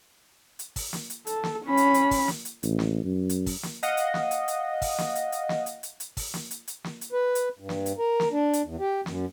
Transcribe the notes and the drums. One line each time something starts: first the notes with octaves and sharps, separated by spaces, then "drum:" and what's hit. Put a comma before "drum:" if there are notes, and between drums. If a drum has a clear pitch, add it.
drum: hi-hat
drum: kick, open hi-hat
drum: snare
drum: hi-hat
A4, drum: hi-hat
drum: snare
C#4 B5
drum: hi-hat
drum: hi-hat
drum: kick, open hi-hat
drum: snare
drum: hi-hat
A1, drum: hi-hat
drum: snare
F#2
drum: hi-hat
drum: kick, open hi-hat
drum: snare
D#5 F5 F#5, drum: hi-hat
drum: hi-hat
drum: snare
drum: hi-hat
drum: hi-hat
drum: kick, open hi-hat
drum: snare
drum: hi-hat
drum: hi-hat
drum: snare
drum: hi-hat
drum: hi-hat
drum: hi-hat
drum: kick, open hi-hat
drum: snare
drum: hi-hat
drum: hi-hat
drum: snare
drum: hi-hat
B4
drum: hi-hat
G2
drum: snare
drum: hi-hat
A#4
drum: snare
D4
drum: hi-hat
E2
G4
F#2, drum: snare